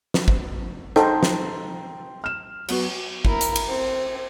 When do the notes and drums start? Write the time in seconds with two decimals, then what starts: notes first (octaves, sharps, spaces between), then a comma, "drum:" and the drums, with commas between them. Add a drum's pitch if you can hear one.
0.14 drum: snare
0.28 drum: kick
0.96 D#4 A4 C5 G5 A#5 C6, drum: rim click
1.23 drum: snare
2.24 F6 E7
2.68 F#3 B3 F#4, drum: cymbal
3.25 E4 A#4, drum: kick
3.41 drum: hi-hat
3.56 drum: cymbal
3.68 C4